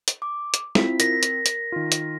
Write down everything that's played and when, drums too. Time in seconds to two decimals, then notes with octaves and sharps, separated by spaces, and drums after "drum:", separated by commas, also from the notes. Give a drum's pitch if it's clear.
0.08 drum: hi-hat
0.22 D6
0.54 drum: hi-hat
0.75 C4 E4 F4 B6, drum: snare
1.00 A#4 A#6 B6, drum: hi-hat
1.23 drum: hi-hat
1.46 drum: hi-hat
1.72 D#3 F4
1.92 drum: hi-hat